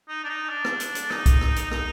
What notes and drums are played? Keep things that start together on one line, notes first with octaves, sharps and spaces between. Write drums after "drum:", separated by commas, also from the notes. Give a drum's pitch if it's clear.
D#4
D4
D#4
D4
drum: rim click
drum: hi-hat
drum: hi-hat
D#4, drum: rim click
drum: kick B1, hi-hat
drum: rim click
drum: hi-hat
D#4, drum: rim click